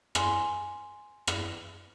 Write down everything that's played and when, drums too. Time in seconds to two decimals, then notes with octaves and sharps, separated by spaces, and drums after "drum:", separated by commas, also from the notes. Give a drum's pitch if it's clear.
0.15 G#5 C6, drum: rim click
1.27 drum: rim click